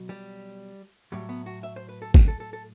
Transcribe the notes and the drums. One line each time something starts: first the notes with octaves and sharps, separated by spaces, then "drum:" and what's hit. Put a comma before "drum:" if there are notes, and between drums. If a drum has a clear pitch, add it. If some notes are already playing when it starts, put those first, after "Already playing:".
Already playing: B2 F#3
G3
A2 F#3 G3
B3
F#4
E5
C5
B4
A4
G4, drum: kick
A4
A4
A4